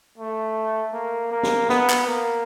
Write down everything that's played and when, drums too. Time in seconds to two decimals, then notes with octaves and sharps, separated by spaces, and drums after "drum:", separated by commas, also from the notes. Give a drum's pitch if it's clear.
0.18 A3
0.93 A#3
1.31 A#3
1.43 drum: snare
1.69 B3, drum: snare
1.90 drum: clap
2.07 A#3